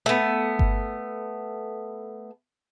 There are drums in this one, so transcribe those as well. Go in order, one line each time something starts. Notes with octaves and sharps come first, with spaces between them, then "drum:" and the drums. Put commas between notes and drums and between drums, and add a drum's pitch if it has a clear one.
A3 B3
drum: kick G1